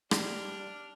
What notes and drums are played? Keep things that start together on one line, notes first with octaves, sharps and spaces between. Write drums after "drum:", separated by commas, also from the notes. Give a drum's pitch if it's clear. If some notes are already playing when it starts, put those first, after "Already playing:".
G3 D4 F6, drum: rim click